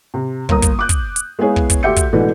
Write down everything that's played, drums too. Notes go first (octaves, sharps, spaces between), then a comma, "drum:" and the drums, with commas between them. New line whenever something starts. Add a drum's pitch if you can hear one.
C3
G1 A#3 A#5 D#6, drum: kick
drum: kick, hi-hat
D6 F#6 G6
drum: kick, hi-hat
drum: hi-hat
G#3 B3 E4 G#4 C#5 F5
drum: kick
drum: kick, hi-hat
D2 G4 E5 G6 C#7
drum: kick, hi-hat
B2 D3 E3 G#3 A3 B4